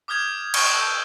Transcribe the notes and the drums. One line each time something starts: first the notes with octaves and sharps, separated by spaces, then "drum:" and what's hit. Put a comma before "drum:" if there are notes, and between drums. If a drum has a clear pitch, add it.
D6 D#6 F6 G6 G#6 F7
C#6 F6 C#7 D7 G7, drum: cymbal
E6 G6